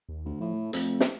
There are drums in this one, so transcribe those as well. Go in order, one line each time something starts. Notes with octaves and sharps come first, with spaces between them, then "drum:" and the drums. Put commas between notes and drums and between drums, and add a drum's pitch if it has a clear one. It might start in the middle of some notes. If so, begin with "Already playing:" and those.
D#2
D2
A2 F3
A3
F2, drum: hi-hat
drum: snare